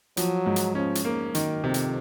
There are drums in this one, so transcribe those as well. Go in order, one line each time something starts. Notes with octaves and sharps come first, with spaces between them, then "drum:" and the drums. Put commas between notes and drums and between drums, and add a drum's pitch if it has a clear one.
F3 F#3, drum: hi-hat
G#2
drum: hi-hat
F3 C#4
drum: hi-hat
G#2 A#3
F#2 D#3, drum: hi-hat
F2 C3
drum: hi-hat